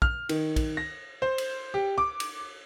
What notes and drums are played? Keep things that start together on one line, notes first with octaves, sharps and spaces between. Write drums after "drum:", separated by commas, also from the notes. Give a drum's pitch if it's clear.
F6, drum: kick
D#3, drum: cymbal
drum: kick, cymbal
A#6
C5
drum: cymbal
G4
D6
drum: cymbal